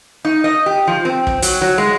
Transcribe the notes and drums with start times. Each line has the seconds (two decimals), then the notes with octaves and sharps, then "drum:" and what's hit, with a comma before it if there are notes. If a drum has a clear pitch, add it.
0.25 D#4
0.44 D#5
0.66 G4
0.87 F3
1.05 C4
1.27 drum: kick
1.42 F#3, drum: hi-hat
1.62 F#3
1.78 G#3